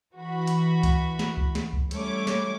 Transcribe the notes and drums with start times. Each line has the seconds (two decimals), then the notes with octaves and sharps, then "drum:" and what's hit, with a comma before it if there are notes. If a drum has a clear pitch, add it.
0.17 E3 F#4 B5
0.47 drum: hi-hat
0.83 drum: kick C#2, hi-hat
1.19 drum: snare
1.37 drum: kick C#2
1.55 drum: snare
1.73 drum: kick C#2
1.91 G3 A3 C#4 C#5 D6, drum: hi-hat
2.27 drum: snare